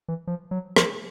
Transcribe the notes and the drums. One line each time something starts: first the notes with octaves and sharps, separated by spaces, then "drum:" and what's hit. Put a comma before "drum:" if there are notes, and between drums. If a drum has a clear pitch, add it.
E3
F3
F#3
F3, drum: rim click